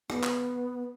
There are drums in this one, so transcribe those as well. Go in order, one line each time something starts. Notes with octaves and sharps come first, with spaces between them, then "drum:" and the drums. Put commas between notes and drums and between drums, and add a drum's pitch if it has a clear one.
B3, drum: rim click
drum: clap